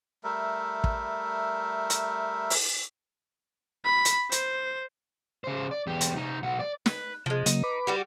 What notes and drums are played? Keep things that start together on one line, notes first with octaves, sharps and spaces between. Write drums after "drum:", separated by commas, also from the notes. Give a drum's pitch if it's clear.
G3 A3 A#4 E5
drum: kick
drum: hi-hat
drum: open hi-hat
B5
drum: hi-hat
C5, drum: hi-hat
C#3 C5
D5
E2 G4
drum: hi-hat
C3 D#4
B1 F#5
D5
B4, drum: snare
C3 F3 G#3
C#3 F#3 A#3 D#4, drum: hi-hat
B4 B5 D6
G3 F#4 G4